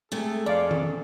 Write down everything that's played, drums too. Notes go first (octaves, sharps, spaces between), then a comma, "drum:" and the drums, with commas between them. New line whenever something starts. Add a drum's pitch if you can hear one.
C3 G#3 A3 G#4 A4
F2 D5 F5
drum: tom D#3